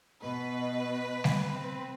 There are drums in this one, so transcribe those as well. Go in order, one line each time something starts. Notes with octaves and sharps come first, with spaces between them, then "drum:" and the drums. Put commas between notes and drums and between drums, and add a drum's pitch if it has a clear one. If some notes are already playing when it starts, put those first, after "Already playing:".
B2 B4 D#5
drum: snare G3
C4